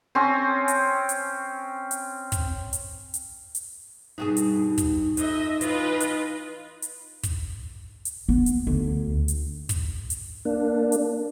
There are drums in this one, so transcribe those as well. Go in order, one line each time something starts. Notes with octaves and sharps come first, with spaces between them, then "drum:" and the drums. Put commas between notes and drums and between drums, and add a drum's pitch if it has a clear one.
C4 C#4
drum: hi-hat
drum: hi-hat
drum: hi-hat
drum: kick, hi-hat
drum: hi-hat
drum: hi-hat
drum: hi-hat
G2 B2 D#4 G#4
drum: hi-hat
drum: kick, hi-hat
F2 D#5 E5, drum: hi-hat
E3 F4 B4 D#5, drum: hi-hat
drum: hi-hat
drum: hi-hat
drum: kick, hi-hat
drum: hi-hat
B3
drum: hi-hat
D2
drum: hi-hat
drum: kick, hi-hat
drum: hi-hat
A#3 D4
drum: hi-hat